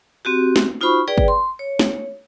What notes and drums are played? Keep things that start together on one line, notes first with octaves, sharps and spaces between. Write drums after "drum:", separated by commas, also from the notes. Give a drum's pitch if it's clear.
C4 F#4 G4
drum: snare
D#4 F4 F#4 C5 B5 C#6
G#4 B4 D5 G5
drum: kick
C6
C#5
drum: snare